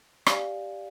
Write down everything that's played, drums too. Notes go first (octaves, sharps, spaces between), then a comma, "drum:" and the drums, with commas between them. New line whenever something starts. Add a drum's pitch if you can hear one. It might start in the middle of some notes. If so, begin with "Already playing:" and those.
G4 D5 F5 G#5, drum: rim click